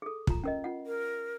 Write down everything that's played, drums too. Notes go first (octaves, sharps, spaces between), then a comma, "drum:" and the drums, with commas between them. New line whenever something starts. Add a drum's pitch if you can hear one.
G#4 A4
F4 A#5, drum: kick
C#4 A#4 D#5
F4 F#5
A#4